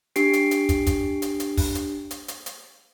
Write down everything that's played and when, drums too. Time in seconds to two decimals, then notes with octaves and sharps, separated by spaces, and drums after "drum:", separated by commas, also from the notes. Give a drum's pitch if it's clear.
0.16 D4 G4 C7 D7, drum: hi-hat
0.33 drum: hi-hat
0.51 drum: hi-hat
0.69 drum: kick, hi-hat
0.87 drum: kick, hi-hat
1.22 drum: hi-hat
1.40 drum: hi-hat
1.57 drum: kick, open hi-hat
1.75 drum: hi-hat
2.11 drum: hi-hat
2.28 drum: hi-hat
2.46 drum: hi-hat